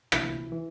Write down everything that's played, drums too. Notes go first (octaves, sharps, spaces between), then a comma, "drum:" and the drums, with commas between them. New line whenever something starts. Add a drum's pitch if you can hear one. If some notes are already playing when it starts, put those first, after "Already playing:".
D2 C3 E3 E4, drum: rim click
E3